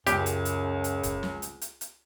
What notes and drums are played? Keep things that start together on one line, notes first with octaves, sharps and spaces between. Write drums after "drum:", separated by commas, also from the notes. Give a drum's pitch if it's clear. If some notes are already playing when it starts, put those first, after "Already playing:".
C#2 F#2 C#3 G4, drum: hi-hat
drum: hi-hat
drum: hi-hat
drum: hi-hat
drum: kick, hi-hat
drum: snare
drum: hi-hat
drum: hi-hat
drum: hi-hat